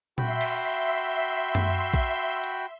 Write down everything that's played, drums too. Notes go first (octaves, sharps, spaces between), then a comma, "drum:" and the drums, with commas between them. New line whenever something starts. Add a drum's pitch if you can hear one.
F#4 E5 G5 B5 C6, drum: tom A#2
drum: cymbal
drum: tom F#2
drum: kick A#1
drum: hi-hat